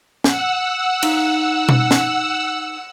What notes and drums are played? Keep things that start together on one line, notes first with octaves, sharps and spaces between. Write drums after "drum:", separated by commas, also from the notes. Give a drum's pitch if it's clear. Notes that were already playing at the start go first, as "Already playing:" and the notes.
F#5 E6, drum: snare
D#4 F5, drum: cymbal
drum: tom B2
drum: snare